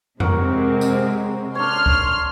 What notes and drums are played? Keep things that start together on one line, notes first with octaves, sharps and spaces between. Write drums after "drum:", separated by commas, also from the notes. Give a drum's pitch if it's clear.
C3 G#3 C4 A#4 C#5 F#5, drum: tom F2
drum: tambourine
D4 C#5 C6 F6
drum: kick C#2